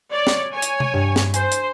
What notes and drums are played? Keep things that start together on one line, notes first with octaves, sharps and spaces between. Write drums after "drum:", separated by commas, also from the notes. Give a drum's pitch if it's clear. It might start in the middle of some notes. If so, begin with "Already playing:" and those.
C#5 D5
drum: snare
C#5 G#5
drum: hi-hat
drum: tom C3
G2 C#6 D#7
drum: snare
C5 G#5, drum: hi-hat
drum: hi-hat